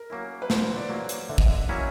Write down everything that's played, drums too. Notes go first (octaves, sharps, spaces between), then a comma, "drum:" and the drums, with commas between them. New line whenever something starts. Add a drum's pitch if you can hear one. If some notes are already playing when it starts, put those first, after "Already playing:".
Already playing: A#4
F#3 A#3 C#4 E4
B4
D3 C5, drum: snare
D5
F#3 A#3 C#4 E4
drum: hi-hat
D3 E5
D#5, drum: kick
E5
F#3 A#3 C#4 E4